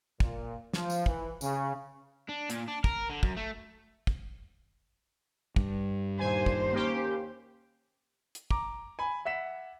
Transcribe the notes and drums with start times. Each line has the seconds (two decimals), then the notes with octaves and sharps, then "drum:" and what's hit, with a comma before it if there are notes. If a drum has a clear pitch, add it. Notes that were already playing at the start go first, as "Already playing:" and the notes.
0.20 A#2, drum: kick
0.73 F3, drum: snare
0.90 drum: tambourine
1.06 E3, drum: kick
1.41 C#3, drum: tambourine
2.29 D4
2.50 A#2, drum: hi-hat
2.68 D4
2.84 A#4, drum: kick
3.10 D3
3.23 F#2, drum: kick
3.37 A3
4.07 drum: kick
5.56 G2, drum: kick
6.19 D#2 A#2 C5 G#5
6.46 drum: kick
6.73 A#3 C#4 G4
8.35 drum: hi-hat
8.51 A#5 D6, drum: kick
8.99 G#5 B5
9.25 E5 F#5 B6 E7